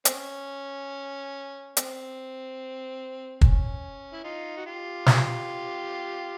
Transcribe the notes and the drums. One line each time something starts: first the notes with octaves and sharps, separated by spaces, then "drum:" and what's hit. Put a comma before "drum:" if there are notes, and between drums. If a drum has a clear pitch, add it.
C4, drum: hi-hat
C#4
C4, drum: hi-hat
C#4, drum: kick
E4
D#4 F4
F#4
F4 G4
drum: snare